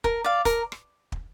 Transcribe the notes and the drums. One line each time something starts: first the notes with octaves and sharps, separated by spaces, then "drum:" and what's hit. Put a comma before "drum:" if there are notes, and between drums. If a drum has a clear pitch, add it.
A#4, drum: kick
D5 F5
A#4, drum: kick, hi-hat
drum: rim click
drum: kick